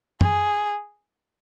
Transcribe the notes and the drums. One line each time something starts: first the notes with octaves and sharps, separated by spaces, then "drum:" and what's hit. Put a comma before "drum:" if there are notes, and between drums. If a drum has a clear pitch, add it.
G#4, drum: tom